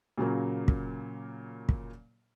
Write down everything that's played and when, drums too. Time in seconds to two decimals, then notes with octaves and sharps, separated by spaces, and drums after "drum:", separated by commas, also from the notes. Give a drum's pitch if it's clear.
0.18 A#2 C#3 F#3 A#3
0.68 drum: kick
1.69 drum: kick